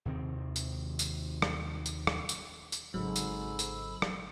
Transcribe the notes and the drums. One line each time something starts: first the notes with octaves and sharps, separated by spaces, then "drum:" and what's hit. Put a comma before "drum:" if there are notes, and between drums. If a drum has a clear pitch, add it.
D#2 C3 D#3 C4
drum: tambourine
drum: tambourine
drum: rim click
drum: tambourine
drum: rim click
drum: tambourine
drum: tambourine
G#1 G#2 C#3 F#3 A4 B5 E6
drum: tambourine
drum: tambourine
drum: rim click